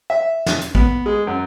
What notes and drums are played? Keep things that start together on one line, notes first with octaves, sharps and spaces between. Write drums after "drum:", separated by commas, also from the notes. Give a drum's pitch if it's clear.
E5
drum: snare
drum: hi-hat
B3, drum: kick
G#3
F#2